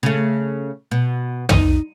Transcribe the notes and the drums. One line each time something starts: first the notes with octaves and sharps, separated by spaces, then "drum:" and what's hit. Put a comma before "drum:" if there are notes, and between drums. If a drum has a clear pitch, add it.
C#3 A3
B2
D#4, drum: tom